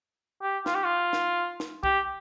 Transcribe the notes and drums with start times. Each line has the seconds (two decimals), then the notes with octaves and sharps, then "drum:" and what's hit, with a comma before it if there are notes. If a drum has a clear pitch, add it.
0.42 G4
0.66 F4, drum: snare
0.75 G4
0.84 F4
1.13 drum: snare
1.60 drum: snare
1.84 G4, drum: kick